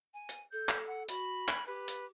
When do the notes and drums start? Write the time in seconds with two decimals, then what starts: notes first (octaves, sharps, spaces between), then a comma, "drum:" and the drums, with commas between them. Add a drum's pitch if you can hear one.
0.13 G#5
0.29 drum: hi-hat
0.52 A4 G6
0.69 drum: clap
0.88 F#5
1.08 F#4 B5, drum: hi-hat
1.48 drum: clap
1.67 G4 B4
1.88 drum: hi-hat